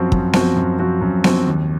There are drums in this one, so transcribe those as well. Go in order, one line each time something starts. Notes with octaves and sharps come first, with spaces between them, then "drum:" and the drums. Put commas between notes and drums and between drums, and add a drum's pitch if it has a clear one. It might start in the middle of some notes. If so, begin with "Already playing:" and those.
Already playing: F#2 F3 C4 F#4
F#2, drum: kick
F3 C4 F#4, drum: snare B3
F#2
F3 C4 F#4
F#2
F3 C4 F#4, drum: snare B3
D#2